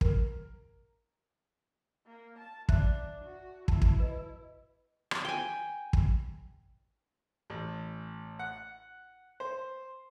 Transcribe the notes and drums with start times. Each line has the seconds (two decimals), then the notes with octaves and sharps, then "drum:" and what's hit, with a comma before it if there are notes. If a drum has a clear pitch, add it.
0.01 A#4, drum: kick
2.06 A#3
2.38 A5
2.69 D4 E5 F#6, drum: kick
3.24 F#4
3.68 E4 A5, drum: kick
3.82 drum: kick
4.00 B4 D#5
5.11 drum: rim click
5.25 G5 G#5
5.93 drum: kick
7.50 A1
8.39 F#5
9.40 C5